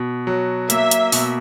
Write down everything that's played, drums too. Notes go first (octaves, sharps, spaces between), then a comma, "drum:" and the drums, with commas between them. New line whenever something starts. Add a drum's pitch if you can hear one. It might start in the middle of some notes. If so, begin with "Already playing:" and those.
Already playing: B2
F#3
A#3 E5, drum: hi-hat
drum: hi-hat
B2, drum: open hi-hat